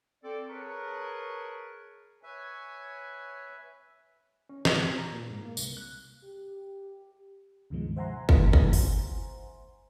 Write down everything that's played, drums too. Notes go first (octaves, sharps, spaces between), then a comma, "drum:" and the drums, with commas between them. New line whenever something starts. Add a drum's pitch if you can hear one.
C4 A4 D5
G#4 A#4 B4 C#5 A5 C#6
B4 C#5 E5 G#5
C#4
C#5, drum: snare
G#6
A#5
A#2
G#2
A#3
C2, drum: tambourine
F#6
G4
C#2 G2 B2 D#3 F3 G#3
C5 E5 F#5 G#5 A#5 C6
drum: kick
drum: kick
drum: open hi-hat